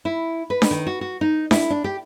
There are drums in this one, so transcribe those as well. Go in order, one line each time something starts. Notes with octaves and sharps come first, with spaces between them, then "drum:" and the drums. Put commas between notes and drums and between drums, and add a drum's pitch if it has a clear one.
E4
B4
drum: snare D4
D#3
F#4
F#4
D#4
E4, drum: snare D4
D4
G4